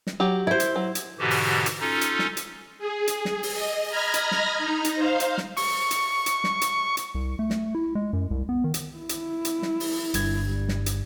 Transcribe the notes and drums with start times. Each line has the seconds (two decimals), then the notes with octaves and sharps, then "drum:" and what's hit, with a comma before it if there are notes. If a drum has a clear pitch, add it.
0.07 drum: snare
0.20 F#3 G4
0.47 E4 C5
0.60 drum: hi-hat
0.76 F#3
0.95 drum: hi-hat
1.19 G#2 B2 D3 E3 F#4 G4
1.30 drum: open hi-hat
1.66 drum: hi-hat
1.80 C#4 D#4 F4 A4
2.01 drum: hi-hat
2.19 drum: snare
2.37 drum: hi-hat
2.78 G#4
3.07 drum: hi-hat
3.25 drum: snare
3.43 drum: open hi-hat
3.54 D#5
3.88 D#5 A#5 B5 F6 G#6 A#6
4.14 drum: hi-hat
4.31 drum: snare
4.58 D#4 A#5
4.84 drum: hi-hat
4.95 C5 F5
5.20 drum: hi-hat
5.38 drum: snare
5.57 C#6, drum: open hi-hat
5.91 drum: hi-hat
6.26 drum: hi-hat
6.44 drum: snare
6.61 drum: hi-hat
6.97 drum: hi-hat
7.15 C2
7.39 A3
7.50 drum: snare
7.75 E4
7.95 G#3
8.13 F#2
8.31 C2
8.49 B3
8.64 D#3
8.74 drum: hi-hat
8.98 E4
9.09 drum: hi-hat
9.45 drum: hi-hat
9.62 drum: snare
9.80 drum: open hi-hat
10.14 G1 G2 G#6, drum: hi-hat
10.47 G3
10.69 drum: snare
10.86 drum: hi-hat